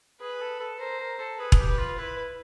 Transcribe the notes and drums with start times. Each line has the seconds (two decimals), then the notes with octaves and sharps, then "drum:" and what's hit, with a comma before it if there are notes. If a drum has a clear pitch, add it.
0.20 G#4 B4
0.40 A4
0.60 A4
0.80 A#4 C5
0.99 A#4
1.19 A4
1.38 G#4 B4
1.52 G#4, drum: kick E1
1.59 G4
1.68 B4
1.79 F4
1.97 E4 B4